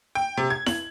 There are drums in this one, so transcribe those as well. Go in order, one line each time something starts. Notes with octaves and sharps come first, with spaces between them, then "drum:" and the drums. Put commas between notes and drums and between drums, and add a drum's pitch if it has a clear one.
G5
C3
G#6
F#7, drum: snare E4